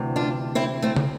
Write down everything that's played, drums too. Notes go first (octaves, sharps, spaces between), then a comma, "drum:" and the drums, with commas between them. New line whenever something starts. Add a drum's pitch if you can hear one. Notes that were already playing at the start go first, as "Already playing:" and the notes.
Already playing: D2 C3 E3
D4 F4
C4 E4
A3 C4
drum: tom